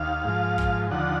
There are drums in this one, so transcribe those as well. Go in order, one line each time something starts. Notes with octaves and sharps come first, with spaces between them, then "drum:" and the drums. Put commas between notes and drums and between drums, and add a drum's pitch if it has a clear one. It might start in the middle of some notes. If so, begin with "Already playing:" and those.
Already playing: D#2 F5
G#2 F3
drum: kick
D#2 D3 F3 F#5